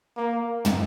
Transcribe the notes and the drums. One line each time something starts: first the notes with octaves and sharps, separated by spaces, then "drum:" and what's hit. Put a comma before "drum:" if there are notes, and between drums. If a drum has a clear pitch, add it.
A#3
drum: tom